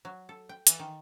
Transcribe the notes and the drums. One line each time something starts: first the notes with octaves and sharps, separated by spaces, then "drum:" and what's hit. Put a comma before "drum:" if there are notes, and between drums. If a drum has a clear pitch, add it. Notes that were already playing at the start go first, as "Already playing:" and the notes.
F#3
A4
G5
E3, drum: hi-hat
D#3